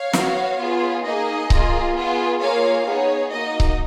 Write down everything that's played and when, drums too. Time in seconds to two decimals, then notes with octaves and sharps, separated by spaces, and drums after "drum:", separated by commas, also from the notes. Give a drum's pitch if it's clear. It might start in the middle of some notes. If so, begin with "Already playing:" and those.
Already playing: C#5 F5
0.13 B3 F#4, drum: snare
0.58 B3 F4 G#4
1.04 A#3 D#4 G#4 D#5
1.50 A#3 F4 G#4, drum: kick C#1
1.95 B3 F4 G#4
2.41 A#3 F4 G#4 C#5 F5
2.87 B3 D#4 G#4 C#5
3.32 A#3 D#4 F#4 D#5
3.60 drum: kick C#1